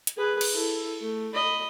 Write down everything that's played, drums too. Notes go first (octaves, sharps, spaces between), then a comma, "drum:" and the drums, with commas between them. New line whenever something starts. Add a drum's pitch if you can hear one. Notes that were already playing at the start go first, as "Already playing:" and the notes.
drum: hi-hat
G#4 B4
drum: cymbal
E4 A4
A3
D#5 B5